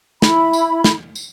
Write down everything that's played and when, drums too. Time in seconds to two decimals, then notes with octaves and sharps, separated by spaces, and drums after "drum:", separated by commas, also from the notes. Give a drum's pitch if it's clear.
0.22 E4 B5, drum: snare
0.53 drum: tambourine
0.84 drum: snare
1.15 drum: tambourine